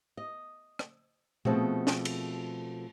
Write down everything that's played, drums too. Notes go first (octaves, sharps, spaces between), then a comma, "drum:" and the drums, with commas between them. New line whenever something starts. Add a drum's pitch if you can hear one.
D#5
drum: rim click
B2 F3 A3 C4 F#4 G#4, drum: tom A#2
drum: snare
drum: cymbal